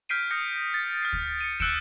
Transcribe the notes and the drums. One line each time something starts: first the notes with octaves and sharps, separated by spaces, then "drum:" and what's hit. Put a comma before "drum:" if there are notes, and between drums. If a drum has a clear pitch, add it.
F6 G6 B6 C7 D7 D#7
D#6 G6 A#6 C#7
A6
F6 C7
drum: kick
C#7 D#7
E6 F#6 G6 C#7 D7 E7, drum: kick